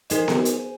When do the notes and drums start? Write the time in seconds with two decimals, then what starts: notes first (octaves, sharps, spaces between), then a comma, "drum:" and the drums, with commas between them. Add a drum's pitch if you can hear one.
0.10 D#4 G#4 A#4 C5 D#5, drum: hi-hat
0.28 drum: snare B3
0.45 drum: hi-hat